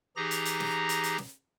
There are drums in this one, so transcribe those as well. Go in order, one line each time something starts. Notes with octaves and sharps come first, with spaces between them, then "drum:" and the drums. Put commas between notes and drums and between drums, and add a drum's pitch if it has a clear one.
E3 D#4 G4 G#4 A#5 A#6
drum: hi-hat
drum: hi-hat
drum: snare
drum: hi-hat
drum: hi-hat
drum: snare